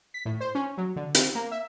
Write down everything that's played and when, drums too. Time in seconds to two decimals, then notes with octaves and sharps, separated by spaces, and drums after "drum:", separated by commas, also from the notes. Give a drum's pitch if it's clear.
0.14 B6
0.25 A2
0.41 C5
0.55 C#4
0.78 F#3
0.96 D3
1.15 C4, drum: hi-hat
1.35 A#3
1.51 E5